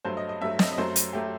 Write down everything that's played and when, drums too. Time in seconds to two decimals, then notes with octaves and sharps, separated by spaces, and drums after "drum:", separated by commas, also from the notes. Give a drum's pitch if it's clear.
0.05 G2 F#3 A3 C5
0.17 D#5
0.29 D#5
0.41 G2 F#3 A3 E5
0.59 D#5, drum: snare
0.73 D#5
0.78 F#2 F#3 A3 C5
0.96 drum: hi-hat
1.13 F#3 A3 G4